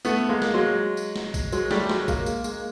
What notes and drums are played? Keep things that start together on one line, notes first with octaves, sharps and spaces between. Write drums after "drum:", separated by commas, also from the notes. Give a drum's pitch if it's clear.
A3 B3, drum: tambourine
G#3 A#3
drum: snare
F#3 G#3
drum: tambourine
drum: snare
drum: kick, tambourine
F#3 G#3, drum: tambourine
G3 A3, drum: snare
F#3 G#3, drum: snare
G#3 A#3, drum: kick, tambourine
drum: tambourine
G#3 A#3, drum: tambourine